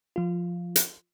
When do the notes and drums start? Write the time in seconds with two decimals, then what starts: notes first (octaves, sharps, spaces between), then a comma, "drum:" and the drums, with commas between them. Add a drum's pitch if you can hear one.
0.16 F3 F4
0.76 drum: hi-hat